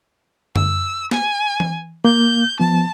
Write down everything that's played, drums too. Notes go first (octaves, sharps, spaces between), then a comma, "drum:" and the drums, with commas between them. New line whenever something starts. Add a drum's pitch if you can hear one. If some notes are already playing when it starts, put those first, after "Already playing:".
E6, drum: tom F#2
G#5, drum: snare
drum: tom E3
A#3 G6
F3 B3 A5